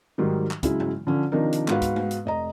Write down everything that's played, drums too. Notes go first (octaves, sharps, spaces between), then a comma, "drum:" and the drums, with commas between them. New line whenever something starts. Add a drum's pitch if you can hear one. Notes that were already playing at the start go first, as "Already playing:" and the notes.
G#2 D#3 F#3 G3
drum: clap
C#3 F#3 G#3 E4, drum: kick, hi-hat
drum: tom
D3 F3 C#4
C3 D#3 F3 D4 D#4 A#4
drum: hi-hat
G#2 B3 F#4 B4 F5, drum: clap
drum: kick, hi-hat
drum: tom G#3
drum: hi-hat
F1 D#5 A#5